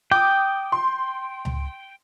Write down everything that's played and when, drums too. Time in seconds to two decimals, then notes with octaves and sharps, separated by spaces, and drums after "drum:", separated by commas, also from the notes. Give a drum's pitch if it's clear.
0.11 G5 D6 D#6
0.72 C6
1.45 drum: tom C#2